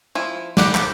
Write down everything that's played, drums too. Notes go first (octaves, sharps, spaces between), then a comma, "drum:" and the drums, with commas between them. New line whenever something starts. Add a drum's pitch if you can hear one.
F3 E4
G3 G4 F#5, drum: snare
G4, drum: clap